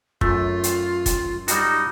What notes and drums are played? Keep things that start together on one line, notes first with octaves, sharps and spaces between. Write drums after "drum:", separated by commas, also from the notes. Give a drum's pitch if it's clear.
F#2 A3 F4, drum: kick
drum: hi-hat
drum: kick, hi-hat
G3 D#4 F#4, drum: hi-hat